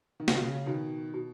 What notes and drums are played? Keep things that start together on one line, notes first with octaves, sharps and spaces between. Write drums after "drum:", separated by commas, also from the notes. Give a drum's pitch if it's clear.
D#3
C#3, drum: snare
B2
C#3
B2 D#3
B2